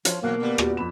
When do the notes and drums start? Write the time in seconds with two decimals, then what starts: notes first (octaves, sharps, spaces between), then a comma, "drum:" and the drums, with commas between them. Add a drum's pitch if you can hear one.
0.05 F3 C5 C#5 F5, drum: hi-hat
0.23 G#2 B2 E3 F#3 A#3 F5 F#6
0.40 D3 G3 B3
0.58 A#2 F#4, drum: rim click
0.77 F2 B5 E7